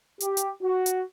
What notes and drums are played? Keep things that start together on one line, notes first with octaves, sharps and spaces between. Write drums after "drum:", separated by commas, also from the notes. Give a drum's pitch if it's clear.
G4, drum: hi-hat
drum: hi-hat
F#4
drum: hi-hat